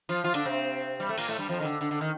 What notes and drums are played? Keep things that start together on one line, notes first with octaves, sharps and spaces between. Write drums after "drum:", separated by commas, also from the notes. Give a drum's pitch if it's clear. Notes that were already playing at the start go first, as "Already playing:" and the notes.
F3 F4
F3 F4
D3 D4, drum: hi-hat
C3 C4
G3
A3
A#2 A#3, drum: open hi-hat
A2 A3
G2 G3
F2 F3
D#3
D3
D3
D3
D#3